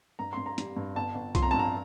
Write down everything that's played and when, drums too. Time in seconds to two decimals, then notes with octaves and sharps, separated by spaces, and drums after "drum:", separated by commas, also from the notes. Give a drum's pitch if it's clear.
0.19 G2 A#5
0.33 G2 C6
0.46 A#5
0.58 G3, drum: hi-hat
0.77 G2
0.96 G1 A5
1.15 G1
1.35 F3 C6, drum: kick C2, hi-hat
1.43 A#5
1.51 G2 A5
1.59 A#5